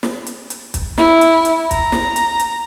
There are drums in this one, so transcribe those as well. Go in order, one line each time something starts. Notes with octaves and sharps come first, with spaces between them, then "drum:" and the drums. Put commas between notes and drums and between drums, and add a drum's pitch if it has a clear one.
drum: snare
drum: hi-hat
drum: hi-hat
drum: kick, hi-hat
E4, drum: snare
drum: hi-hat
drum: hi-hat
A#5, drum: kick, hi-hat
drum: snare
drum: hi-hat
drum: hi-hat